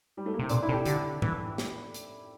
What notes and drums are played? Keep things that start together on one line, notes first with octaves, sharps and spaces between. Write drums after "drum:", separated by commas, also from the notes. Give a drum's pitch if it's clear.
G3
A3
A#3
C3 C4
A#2 D4, drum: hi-hat
E4
C3 A4
G4
D3 G4, drum: hi-hat
E3, drum: tom G#2
drum: snare
drum: hi-hat